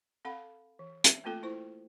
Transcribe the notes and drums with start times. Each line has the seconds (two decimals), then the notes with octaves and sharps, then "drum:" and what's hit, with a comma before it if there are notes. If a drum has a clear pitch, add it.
0.25 C4 A4 F5 F#5 B5
0.79 E3
1.04 E5, drum: hi-hat
1.24 A3 A#3 C4 F4 A4 G5
1.43 E4 C5 C#6